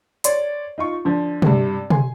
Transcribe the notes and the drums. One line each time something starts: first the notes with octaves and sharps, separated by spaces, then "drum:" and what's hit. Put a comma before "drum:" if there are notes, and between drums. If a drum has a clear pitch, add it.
C#5 D5 C6, drum: hi-hat
D#4 F4 C#6
D3 F3
G2 C3, drum: tom
G#5 C6, drum: tom